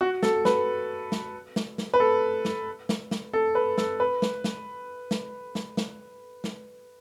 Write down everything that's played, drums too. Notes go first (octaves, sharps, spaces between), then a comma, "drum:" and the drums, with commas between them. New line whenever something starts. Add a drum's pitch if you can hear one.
F#4
A4, drum: snare
B4, drum: snare
drum: snare
drum: snare
drum: snare
B4
A4
drum: snare
drum: snare
drum: snare
A4
B4
A4, drum: snare
B4
drum: snare
drum: snare
drum: snare
drum: snare
drum: snare
drum: snare